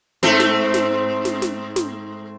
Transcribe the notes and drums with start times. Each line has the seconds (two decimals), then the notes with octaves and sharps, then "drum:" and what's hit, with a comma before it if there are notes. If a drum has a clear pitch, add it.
0.23 G#2 A3 C4, drum: snare
0.40 drum: snare
0.74 drum: snare
1.25 drum: snare
1.42 drum: snare
1.76 drum: snare